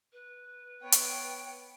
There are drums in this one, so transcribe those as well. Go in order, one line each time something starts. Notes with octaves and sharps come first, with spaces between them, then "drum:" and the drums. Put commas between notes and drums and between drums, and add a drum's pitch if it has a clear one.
B4
B3 C#5 G5
drum: hi-hat